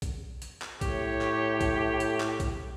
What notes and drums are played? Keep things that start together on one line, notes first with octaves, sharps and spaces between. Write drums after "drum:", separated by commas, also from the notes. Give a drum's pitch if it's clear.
drum: kick B1, hi-hat
drum: hi-hat
drum: clap
A2 G4 C#5, drum: kick B1, hi-hat
drum: clap
drum: kick B1, hi-hat
drum: hi-hat
drum: clap
drum: kick B1, hi-hat